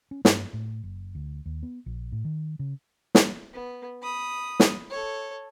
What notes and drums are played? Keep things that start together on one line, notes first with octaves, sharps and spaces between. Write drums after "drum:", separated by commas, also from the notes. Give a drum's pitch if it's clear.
C#4
G2, drum: snare
A2
F#1
D2
D#2
B3
A#1
A2
D#3
C#3
drum: snare
B3
B5 D#6
drum: snare
A4 C#5